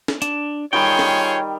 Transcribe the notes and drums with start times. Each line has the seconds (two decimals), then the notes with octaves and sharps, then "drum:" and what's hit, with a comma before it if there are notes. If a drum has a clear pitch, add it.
0.08 drum: snare
0.22 D4, drum: hi-hat
0.73 D#3 G3 F4 G#4 C#5 G5
0.99 drum: snare